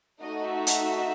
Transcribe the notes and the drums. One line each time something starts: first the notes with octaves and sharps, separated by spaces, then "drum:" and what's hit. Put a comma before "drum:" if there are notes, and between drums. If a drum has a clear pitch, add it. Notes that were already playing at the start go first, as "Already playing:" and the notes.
A3 D#4 F#4 A4 D#5
E5
drum: hi-hat